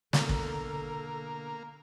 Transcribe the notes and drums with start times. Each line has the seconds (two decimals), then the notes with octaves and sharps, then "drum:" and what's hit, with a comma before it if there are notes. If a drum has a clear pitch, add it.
0.13 B2 D3 A#3 A4, drum: snare
0.29 drum: kick